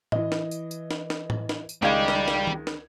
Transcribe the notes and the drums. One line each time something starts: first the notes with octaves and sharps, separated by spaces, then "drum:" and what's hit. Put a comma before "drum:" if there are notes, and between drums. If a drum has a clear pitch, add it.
E3 D#5, drum: tom A2
drum: snare
drum: tambourine
drum: tambourine
drum: snare
drum: snare
drum: tom A2
drum: snare
drum: tambourine
C#2 D#3 G#3 G4 D5 F5 G#6
drum: snare
drum: snare
drum: tom D#3
drum: snare